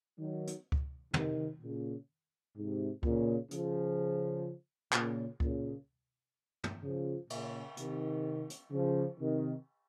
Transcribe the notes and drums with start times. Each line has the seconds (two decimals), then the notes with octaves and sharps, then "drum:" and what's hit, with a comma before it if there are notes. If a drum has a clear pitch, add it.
0.19 D#3 F#3
0.47 drum: hi-hat
0.72 drum: kick C#2
1.13 C3 D#3, drum: tom
1.61 A#2 C#3
2.56 G#2 C3
3.03 A#2 C#3, drum: kick C#2
3.51 C#3 F3, drum: hi-hat
4.92 A#2 C#3, drum: clap
5.40 A#2 C#3, drum: kick C#2
6.64 drum: tom
6.83 C#3 F3
7.30 A#2 C#3, drum: cymbal
7.77 C3 D#3, drum: hi-hat
8.50 drum: hi-hat
8.72 C#3 F3
9.19 C3 D#3